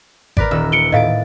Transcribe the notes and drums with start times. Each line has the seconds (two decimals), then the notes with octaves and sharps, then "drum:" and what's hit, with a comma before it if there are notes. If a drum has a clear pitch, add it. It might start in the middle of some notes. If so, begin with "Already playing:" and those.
0.37 A#4 B4 D5, drum: kick G#1
0.51 D#1 D#3 E6
0.72 C#7 D7 G7
0.92 A2 D#5 F5 A6 D7